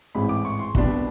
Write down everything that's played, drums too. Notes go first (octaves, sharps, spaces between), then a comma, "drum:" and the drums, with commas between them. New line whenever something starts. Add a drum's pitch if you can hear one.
A1 G#2 E3 G#3 C4 B5
D6
C#6
C6
C2 B2 G3 B3 D4, drum: kick